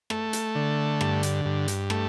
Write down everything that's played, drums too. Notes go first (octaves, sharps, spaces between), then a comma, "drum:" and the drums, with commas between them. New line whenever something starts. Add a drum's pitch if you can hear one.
A3, drum: rim click
drum: hi-hat
D3
G2, drum: rim click
drum: hi-hat
G2
drum: hi-hat
A3, drum: rim click